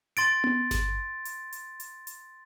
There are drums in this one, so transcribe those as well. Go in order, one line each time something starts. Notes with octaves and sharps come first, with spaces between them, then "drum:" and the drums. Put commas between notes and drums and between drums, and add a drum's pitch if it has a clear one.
C6 A6 D7, drum: hi-hat
drum: tom B3
drum: snare G1
drum: hi-hat
drum: hi-hat
drum: hi-hat
drum: hi-hat